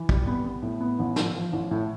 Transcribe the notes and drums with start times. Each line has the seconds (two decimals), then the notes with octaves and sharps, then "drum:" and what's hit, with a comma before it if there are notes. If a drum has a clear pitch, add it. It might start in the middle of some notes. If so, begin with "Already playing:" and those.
Already playing: E3
0.09 G3, drum: kick
0.27 B3
0.45 B3
0.62 A2
0.80 B3
0.99 A1
1.16 F3, drum: snare
1.35 F3
1.53 A1
1.71 A2